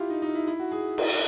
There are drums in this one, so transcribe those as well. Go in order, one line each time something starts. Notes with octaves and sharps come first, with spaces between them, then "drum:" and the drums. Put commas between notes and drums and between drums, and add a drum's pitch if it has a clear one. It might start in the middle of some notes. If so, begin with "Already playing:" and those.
Already playing: E4 F4 G4
D#4
D#4
E4
E4
F#4
G#4
drum: cymbal